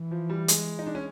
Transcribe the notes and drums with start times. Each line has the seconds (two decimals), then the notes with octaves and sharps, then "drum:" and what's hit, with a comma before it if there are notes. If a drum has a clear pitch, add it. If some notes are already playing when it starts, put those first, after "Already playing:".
Already playing: E3
0.11 F3
0.30 G3
0.48 G#3, drum: hi-hat
0.79 D#4
0.86 D4
0.95 C#4